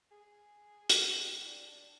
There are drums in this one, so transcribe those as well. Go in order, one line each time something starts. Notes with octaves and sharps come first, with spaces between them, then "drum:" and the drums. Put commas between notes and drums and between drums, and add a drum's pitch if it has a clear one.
G#4
drum: hi-hat
G4
D4
D4